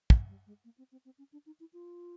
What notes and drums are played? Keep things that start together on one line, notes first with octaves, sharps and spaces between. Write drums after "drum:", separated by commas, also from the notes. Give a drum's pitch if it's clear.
F#3, drum: kick
G3
G#3
A#3
C4
C4
C4
C#4
D4
D#4
E4
F4